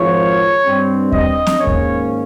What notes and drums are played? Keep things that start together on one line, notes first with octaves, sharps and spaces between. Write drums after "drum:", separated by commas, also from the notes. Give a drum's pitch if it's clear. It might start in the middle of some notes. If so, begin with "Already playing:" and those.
Already playing: G#1 G#2 F3 C#5
G2 G3 C4
D#5, drum: kick D#2
drum: snare C4
G#2 D#3 A#3 C#4 C#5
drum: kick D#2